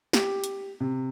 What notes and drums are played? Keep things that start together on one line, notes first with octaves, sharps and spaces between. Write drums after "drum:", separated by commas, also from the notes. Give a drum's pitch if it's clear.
G4, drum: snare
drum: hi-hat
C3